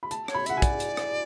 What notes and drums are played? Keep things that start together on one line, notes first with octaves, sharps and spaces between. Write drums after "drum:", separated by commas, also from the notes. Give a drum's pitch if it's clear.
B5
A5, drum: hi-hat
C#5, drum: rim click
B5
E5 F#5, drum: hi-hat
G#5
D5, drum: kick, hi-hat
drum: hi-hat
drum: rim click